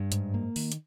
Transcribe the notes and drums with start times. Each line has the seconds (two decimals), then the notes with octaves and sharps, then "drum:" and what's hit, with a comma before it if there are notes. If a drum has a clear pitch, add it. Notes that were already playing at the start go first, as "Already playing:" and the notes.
Already playing: G2
0.12 G#2, drum: hi-hat
0.34 A#3
0.56 D#3, drum: open hi-hat
0.72 drum: hi-hat